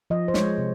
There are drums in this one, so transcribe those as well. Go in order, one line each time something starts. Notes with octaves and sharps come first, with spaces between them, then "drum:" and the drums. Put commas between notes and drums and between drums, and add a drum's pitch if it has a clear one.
F3 D#5
C5
G#3 C#5, drum: snare
C3